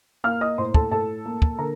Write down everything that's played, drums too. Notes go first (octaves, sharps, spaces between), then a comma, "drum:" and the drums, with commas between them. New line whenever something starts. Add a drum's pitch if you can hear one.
A#3 F5 F6
D#5 D#6
A2 C5 C6
A4 A5, drum: kick
A2 A4 A5
A#3
drum: kick
D3 A#4 A#5